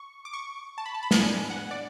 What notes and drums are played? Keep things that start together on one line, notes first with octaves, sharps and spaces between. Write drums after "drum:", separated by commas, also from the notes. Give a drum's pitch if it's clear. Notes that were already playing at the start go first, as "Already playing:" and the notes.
Already playing: C#6
D6
C#6
A5
B5
A5
B5
A5, drum: snare
A2 G#3 B3 D4 G#5
F#5
D5